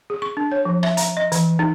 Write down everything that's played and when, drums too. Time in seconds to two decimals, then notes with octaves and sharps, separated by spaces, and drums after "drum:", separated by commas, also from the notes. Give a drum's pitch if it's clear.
0.10 G#4
0.22 C#6
0.37 D4
0.52 C#5
0.65 F3
0.83 E5, drum: rim click
0.97 A#5, drum: hi-hat
1.17 D#5
1.32 E3, drum: hi-hat
1.59 D#4